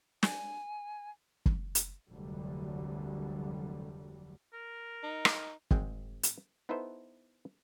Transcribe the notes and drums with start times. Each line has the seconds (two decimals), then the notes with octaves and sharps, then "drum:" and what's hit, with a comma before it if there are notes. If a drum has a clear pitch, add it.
0.23 G#5, drum: snare
1.46 drum: kick
1.75 drum: hi-hat
2.10 F1 D2 D3 F#3 G3
4.53 A#4
5.04 D#4
5.25 drum: rim click
5.71 G#1 G#3 C4 G5, drum: kick
6.23 drum: hi-hat
6.69 B3 D#4 E4 A4 B4 C5